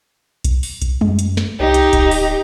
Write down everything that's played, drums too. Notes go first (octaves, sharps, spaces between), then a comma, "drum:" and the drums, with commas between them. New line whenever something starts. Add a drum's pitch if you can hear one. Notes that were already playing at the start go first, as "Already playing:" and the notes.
drum: kick B1, hi-hat
drum: open hi-hat
drum: kick B1, hi-hat
F#2, drum: tom G3
drum: hi-hat
drum: snare
C2 D#4 G4
drum: hi-hat
D1, drum: kick B1, hi-hat
drum: open hi-hat